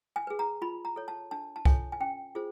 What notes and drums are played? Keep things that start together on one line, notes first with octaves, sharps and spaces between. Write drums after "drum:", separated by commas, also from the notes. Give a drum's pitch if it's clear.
G#5
G#4 B4
A#5
F4 B5
A#5
A4 C#5
A5
D4 A5
A5
F4 A4 C#5 G#5, drum: kick C2
G#5
C#4 G5
F4 G#4 C5